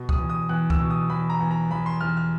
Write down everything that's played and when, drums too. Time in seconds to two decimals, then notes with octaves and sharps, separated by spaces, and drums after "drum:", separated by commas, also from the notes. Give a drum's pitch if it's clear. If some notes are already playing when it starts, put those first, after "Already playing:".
Already playing: B2
0.09 D#6, drum: kick C#2
0.18 E2
0.29 D#6
0.49 E2 F#6
0.70 E6, drum: kick C#2
0.79 B2
0.90 D#6
1.09 E2 B5
1.30 A#5
1.40 E2
1.51 A#5
1.71 E2 B5
1.86 C6
2.00 E2 F6
2.17 F6